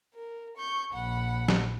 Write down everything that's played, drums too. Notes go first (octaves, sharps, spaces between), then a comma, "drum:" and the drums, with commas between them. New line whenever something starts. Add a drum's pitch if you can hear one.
A#4
C#6 G6
A#1 F#5 B5
drum: snare